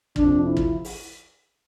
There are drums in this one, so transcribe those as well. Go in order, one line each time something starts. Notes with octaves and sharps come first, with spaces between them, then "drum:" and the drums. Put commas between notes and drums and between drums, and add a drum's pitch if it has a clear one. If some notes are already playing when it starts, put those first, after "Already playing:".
F2 C3 F3 D4, drum: kick
E4
drum: kick
drum: open hi-hat